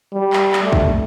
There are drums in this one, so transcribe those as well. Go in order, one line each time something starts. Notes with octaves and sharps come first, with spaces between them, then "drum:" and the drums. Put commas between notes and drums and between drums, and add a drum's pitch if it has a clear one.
G3
drum: clap
drum: clap
A3
drum: kick